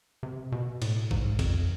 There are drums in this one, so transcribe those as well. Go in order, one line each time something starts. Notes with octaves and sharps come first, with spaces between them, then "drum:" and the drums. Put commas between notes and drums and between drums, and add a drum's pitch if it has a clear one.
C3
B2
A2, drum: cymbal
G#2, drum: kick
F2, drum: kick, cymbal